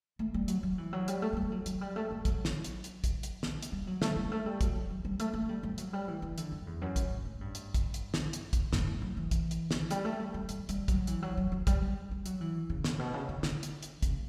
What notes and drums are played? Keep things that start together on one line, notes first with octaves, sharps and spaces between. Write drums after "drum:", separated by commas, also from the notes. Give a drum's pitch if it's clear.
A3
G3
F#3, drum: hi-hat
F#3
E3
F#3
G3, drum: hi-hat
A3
A3
G3
F#3
F#3, drum: hi-hat
G3
A3
G3
F#3, drum: kick, hi-hat
drum: snare
drum: hi-hat
drum: hi-hat
drum: kick, hi-hat
drum: hi-hat
drum: snare
drum: hi-hat
G3
F#3
A3, drum: snare
G3
A3
G3
F#3, drum: kick, hi-hat
F#3
F#3
G3
A3, drum: hi-hat
A3
G3
G3
F#3, drum: hi-hat
G3
E3
E3
D3, drum: hi-hat
F#2
E2
F#2
drum: kick, hi-hat
A2
A2
G2
drum: hi-hat
drum: kick, hi-hat
drum: hi-hat
drum: snare
drum: hi-hat
drum: kick, hi-hat
G2, drum: snare
A2
F#3
E3
drum: kick, hi-hat
drum: hi-hat
drum: snare
G3, drum: hi-hat
A3
G3
G3
G3, drum: hi-hat
G3, drum: hi-hat
F#3, drum: kick, hi-hat
E3, drum: hi-hat
F#3
F#3
F#3
G3, drum: kick, hi-hat
G3
G3
F#3, drum: hi-hat
E3
C#3
A2, drum: snare
B2
C#3
D3
D3, drum: snare
drum: hi-hat
drum: hi-hat
C#3, drum: kick, hi-hat